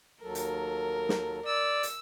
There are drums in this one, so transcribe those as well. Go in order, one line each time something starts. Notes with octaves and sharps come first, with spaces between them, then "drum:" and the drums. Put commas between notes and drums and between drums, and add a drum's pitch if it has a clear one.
D#2 F#3 A4 A#4
drum: hi-hat
drum: snare
D5 E6
drum: hi-hat